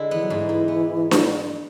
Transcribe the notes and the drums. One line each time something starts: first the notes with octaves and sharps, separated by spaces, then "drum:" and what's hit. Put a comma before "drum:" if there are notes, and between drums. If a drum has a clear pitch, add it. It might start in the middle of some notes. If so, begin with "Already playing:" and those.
Already playing: D3 G#3 E4
E3 B3
F#3
G#2 E3
G#2
B3
drum: snare D4